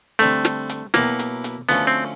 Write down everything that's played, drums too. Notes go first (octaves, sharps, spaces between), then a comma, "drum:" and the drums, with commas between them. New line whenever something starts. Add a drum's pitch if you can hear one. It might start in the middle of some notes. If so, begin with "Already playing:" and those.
D3 G3 A3 C4, drum: hi-hat
drum: snare
drum: hi-hat
B2 F#3 A#3 B3 E4 G4, drum: snare
drum: hi-hat
drum: hi-hat
D3 F3 A3 B3 C#4 F#4, drum: hi-hat
C4